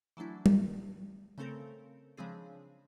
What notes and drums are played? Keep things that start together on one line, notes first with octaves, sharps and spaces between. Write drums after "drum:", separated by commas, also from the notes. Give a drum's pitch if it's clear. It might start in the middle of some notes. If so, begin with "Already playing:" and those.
E3 F#3 A3 D4 E4
drum: tom G3
C#3 A3 C4 A4 A#4
C#3 F3 G#3 C4 D4 G#4